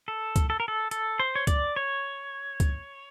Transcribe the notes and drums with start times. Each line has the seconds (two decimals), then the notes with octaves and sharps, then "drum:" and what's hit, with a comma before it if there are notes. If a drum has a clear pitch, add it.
0.08 A4
0.36 drum: kick C#2, hi-hat
0.50 A4
0.60 A#4
0.68 A4
0.91 A4, drum: hi-hat
1.20 C5
1.35 C#5
1.47 D5, drum: kick C#2, hi-hat
1.76 C#5
2.60 drum: kick C#2, hi-hat